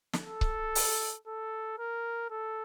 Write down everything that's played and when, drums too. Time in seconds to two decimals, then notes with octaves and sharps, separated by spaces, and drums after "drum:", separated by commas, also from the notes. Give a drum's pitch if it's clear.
0.13 drum: snare
0.23 A4
0.41 drum: kick C#1
0.75 drum: open hi-hat
1.27 A4
1.79 A#4
2.30 A4